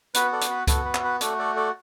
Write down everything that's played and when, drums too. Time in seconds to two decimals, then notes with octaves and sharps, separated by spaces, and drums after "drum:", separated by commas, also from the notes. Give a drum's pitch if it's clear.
0.14 B3 F#4 B4, drum: hi-hat
0.32 A4 D5
0.41 drum: hi-hat
0.51 B4
0.67 B3 F#4 A4, drum: kick C#2, hi-hat
0.85 B4
0.95 drum: clap
1.04 B4
1.21 A3 F#4 A4 D5, drum: hi-hat
1.39 A4 D5
1.57 A4 D5